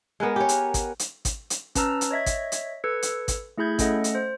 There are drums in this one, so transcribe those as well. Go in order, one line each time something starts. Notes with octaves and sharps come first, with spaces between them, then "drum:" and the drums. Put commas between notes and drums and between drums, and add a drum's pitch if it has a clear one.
G#3 B3 A#4 F#5 G#5
G4 C#5
drum: hi-hat
drum: kick G#1, hi-hat
drum: hi-hat
drum: kick G#1, hi-hat
drum: hi-hat
C#4 B4 A5 A#5 E6 F6, drum: kick G#1, hi-hat
drum: hi-hat
C#5 D#5 E5 G#6
drum: kick G#1, hi-hat
drum: hi-hat
A4 B4 E6 G#6 C#7
drum: hi-hat
drum: kick G#1, hi-hat
A3 E4 G#4 B5 G6 G#6
A3 C#4 A4 D#5 F#5, drum: kick G#1, hi-hat
drum: hi-hat
C5